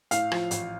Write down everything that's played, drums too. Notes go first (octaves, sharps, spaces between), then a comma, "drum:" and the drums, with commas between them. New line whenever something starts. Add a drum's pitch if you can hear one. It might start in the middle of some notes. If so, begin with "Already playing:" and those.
A2 F5, drum: hi-hat
F3, drum: rim click
A1, drum: hi-hat